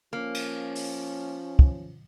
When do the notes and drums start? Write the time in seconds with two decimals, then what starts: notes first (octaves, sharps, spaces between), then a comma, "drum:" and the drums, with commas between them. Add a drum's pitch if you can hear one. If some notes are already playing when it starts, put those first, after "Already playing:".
0.13 F3 A#3 C#4
0.34 drum: cymbal
0.75 drum: open hi-hat
1.59 drum: kick